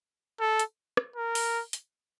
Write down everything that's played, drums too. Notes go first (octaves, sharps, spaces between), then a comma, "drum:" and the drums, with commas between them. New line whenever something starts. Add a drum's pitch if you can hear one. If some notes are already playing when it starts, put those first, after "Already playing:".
A4
drum: hi-hat
drum: rim click
A#4
drum: open hi-hat
drum: hi-hat